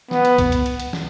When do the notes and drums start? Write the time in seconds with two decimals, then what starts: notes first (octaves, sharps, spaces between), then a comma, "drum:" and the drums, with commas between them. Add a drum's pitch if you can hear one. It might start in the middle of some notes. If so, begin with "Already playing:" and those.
0.11 B3, drum: snare
0.25 drum: hi-hat
0.38 drum: kick C2, hi-hat
0.52 drum: hi-hat
0.66 drum: hi-hat
0.80 drum: hi-hat
0.93 drum: snare